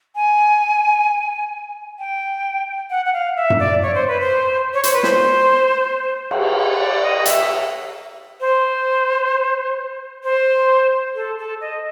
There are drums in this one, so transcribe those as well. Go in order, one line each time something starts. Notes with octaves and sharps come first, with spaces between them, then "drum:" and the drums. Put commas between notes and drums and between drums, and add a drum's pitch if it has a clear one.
G#5
G5
F#5
F#5
F5
E5
drum: tom F#2
D5
C#5
C5
B4
C5
C#5
C5, drum: hi-hat
B4
C5, drum: snare
drum: cymbal
C#5
D5
D#5
D#5
E5, drum: hi-hat
C5
C5
A4
A4
D#5